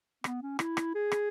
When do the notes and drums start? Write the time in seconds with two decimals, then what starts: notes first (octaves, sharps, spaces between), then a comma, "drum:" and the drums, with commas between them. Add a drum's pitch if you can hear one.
0.24 B3, drum: rim click
0.42 C#4
0.59 E4, drum: rim click
0.77 drum: rim click
0.95 G#4
1.12 drum: rim click